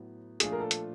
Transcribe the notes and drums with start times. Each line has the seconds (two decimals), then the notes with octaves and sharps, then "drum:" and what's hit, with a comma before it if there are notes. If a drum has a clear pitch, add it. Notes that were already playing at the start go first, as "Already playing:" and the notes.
Already playing: A2 F#3 B3
0.40 A#2 F3 A3 D4 F4 G#4, drum: hi-hat
0.52 A#4
0.60 A4
0.71 drum: hi-hat